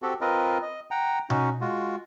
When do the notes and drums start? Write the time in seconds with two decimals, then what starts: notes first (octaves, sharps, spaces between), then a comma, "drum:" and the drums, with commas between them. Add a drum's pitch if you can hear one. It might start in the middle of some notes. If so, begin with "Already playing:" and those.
0.02 C4 F#4 G4 A4
0.21 C4 F4 A#4 B4 D#5
0.62 D#5
0.91 F#5 G5 A#5
1.30 C#4 D#4 F#4, drum: tom B2
1.61 G#3 F4 F#4